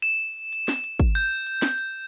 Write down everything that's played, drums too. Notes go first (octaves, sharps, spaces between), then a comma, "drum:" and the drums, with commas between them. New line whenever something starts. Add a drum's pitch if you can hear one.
E7
drum: hi-hat
drum: snare
drum: hi-hat
drum: kick
G6, drum: hi-hat
drum: hi-hat
drum: snare
drum: hi-hat